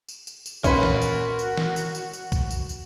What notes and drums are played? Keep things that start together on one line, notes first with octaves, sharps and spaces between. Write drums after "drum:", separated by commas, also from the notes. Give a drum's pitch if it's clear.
drum: tambourine
drum: tambourine
drum: tambourine
C#4 F#4 A#4 B4 C6, drum: kick B1, tambourine
drum: snare
drum: tambourine
drum: tambourine
drum: snare
drum: tambourine
drum: tambourine
drum: tambourine
drum: kick B1, tambourine
drum: tambourine
drum: tambourine